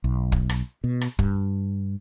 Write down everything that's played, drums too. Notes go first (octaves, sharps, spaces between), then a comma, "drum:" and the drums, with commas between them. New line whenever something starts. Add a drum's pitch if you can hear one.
B1
drum: kick
drum: rim click
B2
drum: rim click
G2, drum: kick